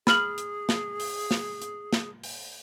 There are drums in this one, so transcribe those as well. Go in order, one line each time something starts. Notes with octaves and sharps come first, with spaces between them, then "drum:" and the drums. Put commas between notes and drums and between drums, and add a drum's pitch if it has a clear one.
G#4 B5 F6 F#7, drum: snare
drum: hi-hat
drum: snare
drum: open hi-hat
drum: snare
drum: hi-hat
drum: snare
drum: open hi-hat